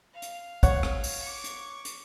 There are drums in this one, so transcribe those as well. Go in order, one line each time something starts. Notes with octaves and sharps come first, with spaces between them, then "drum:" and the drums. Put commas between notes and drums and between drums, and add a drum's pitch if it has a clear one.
F5
drum: hi-hat
C#5 F#5, drum: kick, hi-hat
drum: rim click
drum: open hi-hat
C#6 D6
drum: hi-hat
drum: hi-hat